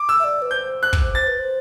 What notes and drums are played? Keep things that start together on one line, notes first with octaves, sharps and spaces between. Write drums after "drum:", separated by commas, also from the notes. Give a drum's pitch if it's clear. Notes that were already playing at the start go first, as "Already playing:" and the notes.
Already playing: D6
E6
E5
D5
B4
C5 G6
F#6
drum: kick
C5 A6
B4
C5